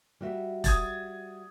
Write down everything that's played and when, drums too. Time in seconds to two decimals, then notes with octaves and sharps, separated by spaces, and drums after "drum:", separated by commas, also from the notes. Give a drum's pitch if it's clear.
0.21 G3 F#4 E5
0.64 D#6 G#6 A6, drum: kick E1, hi-hat